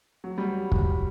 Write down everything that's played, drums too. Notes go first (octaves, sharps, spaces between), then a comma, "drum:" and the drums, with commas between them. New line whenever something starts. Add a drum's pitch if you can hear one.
F#3
G3
drum: kick